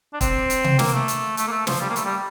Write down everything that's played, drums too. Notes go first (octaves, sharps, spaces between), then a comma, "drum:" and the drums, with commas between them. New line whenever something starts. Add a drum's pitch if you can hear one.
D4
C4, drum: kick, hi-hat
drum: hi-hat
drum: tom C3
A#3, drum: snare
A3
drum: hi-hat
A3, drum: hi-hat
A#3
A3
F3, drum: snare
G3
A#3
A3, drum: hi-hat
G3